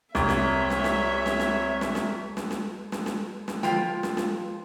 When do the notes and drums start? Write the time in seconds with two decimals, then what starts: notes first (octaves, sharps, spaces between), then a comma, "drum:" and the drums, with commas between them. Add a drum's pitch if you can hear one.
0.15 C2 C#5 E5, drum: snare
0.29 drum: snare
0.70 drum: snare
0.84 drum: snare
1.26 drum: snare
1.40 drum: snare
1.81 drum: snare
1.95 drum: snare
2.37 drum: snare
2.51 drum: snare
2.92 drum: snare
3.06 drum: snare
3.48 drum: snare
3.63 F3 F4 G5, drum: snare
4.03 drum: snare
4.17 drum: snare